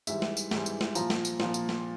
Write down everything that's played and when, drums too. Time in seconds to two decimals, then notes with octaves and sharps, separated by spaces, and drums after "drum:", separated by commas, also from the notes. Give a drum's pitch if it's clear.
0.07 G#2 E3 G3 E5, drum: tambourine
0.22 drum: snare
0.37 drum: tambourine
0.51 G#2 E3 G3, drum: snare
0.66 drum: tambourine
0.81 drum: snare
0.95 A#2 F3 A#5, drum: tambourine
1.10 drum: snare
1.25 drum: tambourine
1.40 A#2 F3, drum: snare
1.54 drum: tambourine
1.69 drum: snare